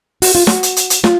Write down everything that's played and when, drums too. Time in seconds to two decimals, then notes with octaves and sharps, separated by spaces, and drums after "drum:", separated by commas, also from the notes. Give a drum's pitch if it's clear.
0.22 F#4, drum: open hi-hat
0.35 F4
0.47 F#4, drum: snare
0.63 drum: hi-hat
0.76 drum: hi-hat
0.90 drum: hi-hat
1.04 F4, drum: snare